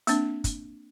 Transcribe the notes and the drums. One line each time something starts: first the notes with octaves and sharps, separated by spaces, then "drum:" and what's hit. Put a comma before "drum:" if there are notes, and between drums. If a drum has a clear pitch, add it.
A#3 C4 D4, drum: hi-hat
drum: kick, hi-hat